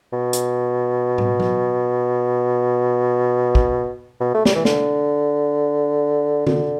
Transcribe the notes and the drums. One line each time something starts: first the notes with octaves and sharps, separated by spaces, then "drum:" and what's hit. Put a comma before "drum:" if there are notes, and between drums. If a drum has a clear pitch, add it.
B2
drum: hi-hat
drum: tom
drum: tom F#3
drum: kick
B2
A3
G3, drum: snare
E3
D3, drum: snare
D3, drum: tom